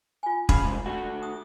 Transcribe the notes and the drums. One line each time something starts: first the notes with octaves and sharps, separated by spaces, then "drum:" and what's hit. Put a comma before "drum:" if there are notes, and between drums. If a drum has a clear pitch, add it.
F4 G#5
C#4 G#4 B5, drum: kick
G#2 C3 G#3
A3 F#4 F#5
D#6